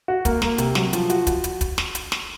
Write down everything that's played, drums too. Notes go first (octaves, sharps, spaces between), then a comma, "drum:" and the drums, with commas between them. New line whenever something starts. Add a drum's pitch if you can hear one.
F#4
A#3, drum: kick, hi-hat
A#3, drum: snare
C3, drum: hi-hat
F#3, drum: snare
F3, drum: hi-hat
F#4, drum: hi-hat
F#4, drum: kick, hi-hat
drum: hi-hat
drum: kick, hi-hat
drum: snare
drum: hi-hat
drum: snare